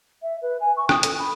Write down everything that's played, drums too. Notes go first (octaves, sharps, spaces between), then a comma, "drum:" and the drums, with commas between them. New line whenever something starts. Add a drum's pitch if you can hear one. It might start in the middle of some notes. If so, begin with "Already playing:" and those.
E5
B4
G#5
C#6
D#6, drum: rim click
A4, drum: hi-hat
B5